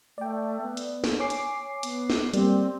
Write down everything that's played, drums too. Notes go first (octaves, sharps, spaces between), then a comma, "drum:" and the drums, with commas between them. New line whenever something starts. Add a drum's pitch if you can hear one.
A3 D5 G5
B3
drum: hi-hat
drum: snare
C#5 G#5 D6 C7
drum: hi-hat
B3, drum: hi-hat
drum: snare
G3 A#3 C4 D5, drum: hi-hat